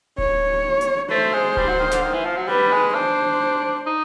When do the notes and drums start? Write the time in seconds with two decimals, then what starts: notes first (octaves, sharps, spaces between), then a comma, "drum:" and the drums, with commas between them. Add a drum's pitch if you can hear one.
0.18 C#5, drum: kick D1
0.81 drum: hi-hat
1.11 A3 C5
1.33 G#3
1.57 G3, drum: kick D1
1.68 F#3
1.79 D#3
1.91 D3, drum: snare
2.02 D#3
2.14 E3
2.25 F3
2.36 F#3
2.48 G3 B4
2.71 G#3
2.95 D4 C5
3.87 D#4